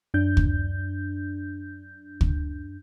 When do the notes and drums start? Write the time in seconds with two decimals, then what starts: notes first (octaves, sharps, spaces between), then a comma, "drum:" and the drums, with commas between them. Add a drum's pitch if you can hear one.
0.14 F#2 D4 G6
0.37 drum: kick
2.21 drum: kick